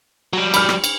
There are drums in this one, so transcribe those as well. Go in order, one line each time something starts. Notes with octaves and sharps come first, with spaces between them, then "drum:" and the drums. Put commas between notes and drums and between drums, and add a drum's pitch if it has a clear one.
F#3 G3
B5 F6, drum: cymbal
drum: rim click
drum: cymbal